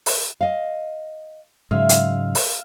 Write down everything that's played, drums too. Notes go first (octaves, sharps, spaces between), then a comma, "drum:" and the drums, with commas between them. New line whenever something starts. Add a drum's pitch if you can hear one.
drum: open hi-hat
D#5 F5
G#2 C#3 F#3 G#3 E5 F5
drum: hi-hat
drum: open hi-hat